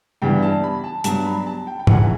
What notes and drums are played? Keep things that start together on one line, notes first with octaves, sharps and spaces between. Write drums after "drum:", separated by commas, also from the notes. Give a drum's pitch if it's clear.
G2 E3 G3 B3 G5
A5
B5
A5
G2 F#3 B3 A5, drum: hi-hat
B5
A5
G5
G5
F#2 C#3 E3 F#5, drum: tom